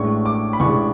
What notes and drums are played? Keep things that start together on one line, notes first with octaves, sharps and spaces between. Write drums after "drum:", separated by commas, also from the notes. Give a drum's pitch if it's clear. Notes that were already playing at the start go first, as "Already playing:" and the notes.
Already playing: A1 A2 G#3 D4 C#6
D6
B5
A1 A2 G#3 D4 C#6, drum: tom B2